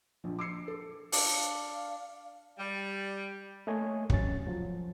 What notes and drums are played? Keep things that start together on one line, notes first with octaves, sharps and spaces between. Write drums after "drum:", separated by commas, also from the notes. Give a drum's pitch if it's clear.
A#1 F3
D6 E6 C7 C#7
A4
D4 F5 D6, drum: open hi-hat
G3
A3 A#3 C#5 D#5 G#5
D#2 C3 F#3 C#4 A6, drum: kick
F3 F#3